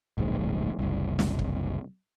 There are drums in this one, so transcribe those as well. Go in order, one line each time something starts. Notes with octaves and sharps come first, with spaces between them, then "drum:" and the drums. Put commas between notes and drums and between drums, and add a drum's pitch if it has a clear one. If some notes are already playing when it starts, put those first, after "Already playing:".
D1 A#1 G#2
F#1 C2
drum: snare
drum: kick